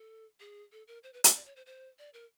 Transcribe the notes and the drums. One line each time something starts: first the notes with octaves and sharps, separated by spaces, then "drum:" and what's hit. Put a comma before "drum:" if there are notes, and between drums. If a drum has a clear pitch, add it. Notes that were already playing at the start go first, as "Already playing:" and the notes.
Already playing: A4
G#4
A4
A#4
C5
B4
C#5, drum: hi-hat
D5
C#5
C5
C5
D5
A#4